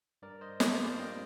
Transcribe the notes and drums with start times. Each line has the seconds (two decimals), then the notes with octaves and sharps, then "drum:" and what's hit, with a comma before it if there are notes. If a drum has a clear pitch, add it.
0.22 G2 A#4 D5
0.41 C5 D#5
0.60 F3 A#3 D4 C5 D#5, drum: snare
0.79 D5 F5
0.99 G2 D#5 G5